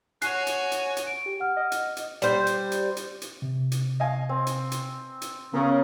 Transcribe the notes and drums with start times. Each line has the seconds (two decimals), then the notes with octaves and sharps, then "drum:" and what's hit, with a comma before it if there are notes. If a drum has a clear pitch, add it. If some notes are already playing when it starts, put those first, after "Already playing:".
0.22 F#4 C#5 G#5 F#6 C7, drum: hi-hat
0.47 drum: hi-hat
0.72 drum: hi-hat
0.97 drum: hi-hat
1.07 D7
1.26 G4
1.40 F#5 F6
1.57 D#5
1.72 drum: hi-hat
1.97 drum: hi-hat
2.22 G3 C5, drum: hi-hat
2.47 drum: hi-hat
2.72 drum: hi-hat
2.97 drum: hi-hat
3.22 drum: hi-hat
3.42 C3
3.72 drum: hi-hat
4.00 D#5 F5 G#5
4.29 C4
4.47 drum: hi-hat
4.72 drum: hi-hat
5.22 drum: hi-hat
5.54 C#3 B3 A#4 C#5